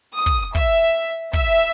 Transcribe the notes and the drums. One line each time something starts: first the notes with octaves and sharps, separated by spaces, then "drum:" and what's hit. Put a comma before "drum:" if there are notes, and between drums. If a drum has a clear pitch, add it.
D#6
drum: kick
E5, drum: kick
E5, drum: kick